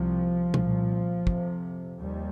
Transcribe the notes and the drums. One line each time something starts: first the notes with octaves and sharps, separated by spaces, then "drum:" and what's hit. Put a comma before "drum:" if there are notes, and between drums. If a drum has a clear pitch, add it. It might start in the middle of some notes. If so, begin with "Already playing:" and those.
Already playing: C2 C3 F3
C2 A#2, drum: tom B2
F2 C3, drum: kick
D#2 G3